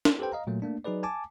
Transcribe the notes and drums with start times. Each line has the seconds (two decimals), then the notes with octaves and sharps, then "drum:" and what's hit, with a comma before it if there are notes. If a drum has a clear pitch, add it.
0.05 drum: snare
0.19 G4 A4 B4 C5 G5
0.32 D#5 F5 A#5
0.47 A#2 F#3 A3 A#3
0.62 A3 A#3 D4
0.84 F#3 D#4 G#4 B4 D5
1.03 G#5 A5 D6